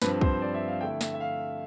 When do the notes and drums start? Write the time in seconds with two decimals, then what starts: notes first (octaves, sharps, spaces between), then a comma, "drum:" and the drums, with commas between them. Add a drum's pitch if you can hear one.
0.02 G2 F3 C4 B4, drum: snare
0.21 C5, drum: kick
0.42 D5
0.54 E5
0.68 F5
0.81 D3 A3 E4 G5
1.01 E5, drum: snare
1.14 E5
1.20 F5